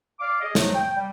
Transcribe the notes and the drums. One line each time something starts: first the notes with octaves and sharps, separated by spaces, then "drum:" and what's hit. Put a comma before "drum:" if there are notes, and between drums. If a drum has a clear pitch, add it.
D5 F5 D6
G#4 D#5
F3 F#3 A3, drum: snare
G5
G3